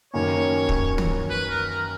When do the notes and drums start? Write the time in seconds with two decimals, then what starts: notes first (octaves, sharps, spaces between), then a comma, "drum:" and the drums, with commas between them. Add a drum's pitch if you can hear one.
0.14 F#2 D#3 A#3 C#4 C#5
0.69 drum: kick
0.98 drum: tom
1.30 B4
1.50 A#4
1.69 A#4